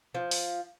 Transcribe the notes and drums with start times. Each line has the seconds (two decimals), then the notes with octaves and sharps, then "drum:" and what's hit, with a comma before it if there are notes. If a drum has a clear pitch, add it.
0.15 F3
0.31 drum: open hi-hat